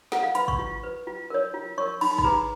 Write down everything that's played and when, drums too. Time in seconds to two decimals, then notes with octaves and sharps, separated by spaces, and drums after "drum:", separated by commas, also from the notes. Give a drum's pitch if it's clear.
0.12 F4 F#5, drum: snare
0.23 F5
0.35 B4 B5, drum: hi-hat
0.48 C#6, drum: kick
0.59 F4
0.83 B4
1.07 F4
1.30 A#4 C#5
1.54 F4
1.77 A#4 C#5 C#6
2.01 D#4 B5, drum: cymbal
2.18 B5, drum: kick
2.24 G#4 B4 A#5